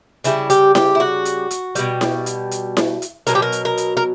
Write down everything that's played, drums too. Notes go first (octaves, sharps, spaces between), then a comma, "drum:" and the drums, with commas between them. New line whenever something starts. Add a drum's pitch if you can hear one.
C#3 G3 E4, drum: hi-hat
G4, drum: hi-hat
G4, drum: snare E4
E4
F#4
drum: hi-hat
drum: hi-hat
B2 G3, drum: hi-hat
drum: snare E4
drum: hi-hat
drum: hi-hat
drum: snare E4
drum: hi-hat
B2 F#3 A#4, drum: hi-hat
G4
A#4
drum: hi-hat
A#4
drum: hi-hat
A#4